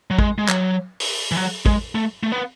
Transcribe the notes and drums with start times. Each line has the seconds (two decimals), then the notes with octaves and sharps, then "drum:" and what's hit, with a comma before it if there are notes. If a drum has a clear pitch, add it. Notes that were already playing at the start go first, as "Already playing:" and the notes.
0.11 F#3
0.19 G#3, drum: kick
0.38 G#3
0.48 F#3, drum: clap
1.00 drum: open hi-hat
1.32 E3
1.36 F#3
1.66 G#3, drum: kick
1.95 A3
2.23 A3
2.32 B3